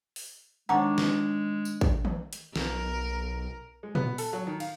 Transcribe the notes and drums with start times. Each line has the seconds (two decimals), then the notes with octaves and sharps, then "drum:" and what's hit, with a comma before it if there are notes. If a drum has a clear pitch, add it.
0.16 drum: open hi-hat
0.69 D#3 G#3 D4 C#5 F#5 A#5
0.98 drum: snare
1.65 drum: tambourine
1.81 drum: kick
2.05 drum: tom D#3
2.33 drum: hi-hat
2.56 B1 A#4, drum: snare
3.83 G#3
3.95 B3, drum: tom A#2
4.18 A4, drum: open hi-hat
4.33 F#3
4.47 D#3
4.60 F5, drum: cymbal